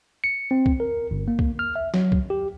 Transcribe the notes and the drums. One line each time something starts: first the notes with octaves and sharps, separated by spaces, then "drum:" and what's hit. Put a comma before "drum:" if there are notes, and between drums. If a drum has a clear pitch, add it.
C#7
C4
drum: kick B1
A#4
G1
A#3
drum: kick B1
F6
E5
F#3, drum: snare
drum: kick B1
G4